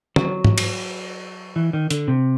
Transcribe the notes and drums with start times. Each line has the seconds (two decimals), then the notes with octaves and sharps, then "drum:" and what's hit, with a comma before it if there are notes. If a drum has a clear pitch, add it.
0.16 F#3, drum: tom
0.45 drum: tom
0.58 drum: cymbal
1.56 E3
1.73 D#3
1.90 D3, drum: hi-hat
2.08 C3